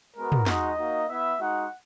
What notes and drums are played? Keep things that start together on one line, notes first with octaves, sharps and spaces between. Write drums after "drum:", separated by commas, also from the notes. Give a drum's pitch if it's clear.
G#3 B3 F#4 A#4
drum: tom
G#3 D#4 F#4 D#5, drum: snare
A#3 D#4 F#4
B3 E4 E5
G#3 D#4 F#4 F#5